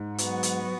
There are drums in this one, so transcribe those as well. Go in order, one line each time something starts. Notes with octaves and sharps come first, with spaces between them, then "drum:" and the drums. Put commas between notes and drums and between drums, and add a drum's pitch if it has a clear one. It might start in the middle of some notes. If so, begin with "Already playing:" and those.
Already playing: G#2
F#3 B3 F#4, drum: hi-hat
drum: hi-hat